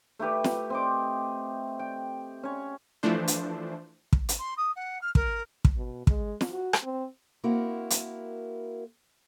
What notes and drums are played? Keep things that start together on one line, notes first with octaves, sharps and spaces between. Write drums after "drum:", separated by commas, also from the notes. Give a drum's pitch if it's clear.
A3 E4 G4 B4
drum: snare
C4 D#5 D6
G5
C#4 C#5
E3 F3 A3 D4 C5
drum: hi-hat
drum: kick
drum: hi-hat
C6
D#6
F#5
F6
A#4, drum: kick
drum: kick
B2
G#3, drum: kick
drum: snare
F#4
drum: rim click
C4
A#3 C4 E4 F#4 A#4
drum: hi-hat